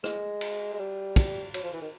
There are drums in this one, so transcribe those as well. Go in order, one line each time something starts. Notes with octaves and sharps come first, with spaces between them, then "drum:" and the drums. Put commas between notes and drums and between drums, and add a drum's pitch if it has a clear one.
G#3, drum: rim click
drum: cymbal
G#3
G3
drum: kick, cymbal
F#3, drum: cymbal
F3
E3
D#3